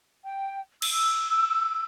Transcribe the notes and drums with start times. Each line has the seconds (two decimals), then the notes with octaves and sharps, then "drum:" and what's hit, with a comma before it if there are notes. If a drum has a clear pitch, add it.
0.24 G5
0.82 E6, drum: cymbal